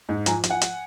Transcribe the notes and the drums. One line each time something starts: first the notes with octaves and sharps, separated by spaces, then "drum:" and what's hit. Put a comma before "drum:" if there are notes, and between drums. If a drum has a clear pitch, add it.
G#2
F3 G#5 A#5, drum: hi-hat
F3, drum: hi-hat
F#5 G#5
drum: hi-hat